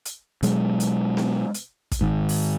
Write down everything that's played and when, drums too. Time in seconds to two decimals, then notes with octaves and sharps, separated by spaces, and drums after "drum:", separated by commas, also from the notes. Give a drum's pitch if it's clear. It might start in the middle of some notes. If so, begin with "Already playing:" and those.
0.05 drum: hi-hat
0.43 B2 F#3 G#3, drum: hi-hat
0.80 drum: hi-hat
1.17 drum: snare B3
1.54 drum: hi-hat
1.92 drum: kick, hi-hat
2.01 G#2 D#3
2.29 drum: open hi-hat